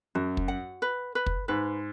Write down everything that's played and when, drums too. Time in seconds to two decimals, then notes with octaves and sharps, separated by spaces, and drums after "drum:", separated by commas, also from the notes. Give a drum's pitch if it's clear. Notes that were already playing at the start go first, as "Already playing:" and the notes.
0.15 F#2 F#4
0.37 drum: kick
0.48 F#5
0.82 B4
1.15 B4
1.26 drum: kick
1.48 G#2 B4